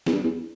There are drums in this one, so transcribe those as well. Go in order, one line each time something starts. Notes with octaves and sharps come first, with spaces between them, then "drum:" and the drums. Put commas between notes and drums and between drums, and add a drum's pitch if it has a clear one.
E2, drum: snare
G2
E2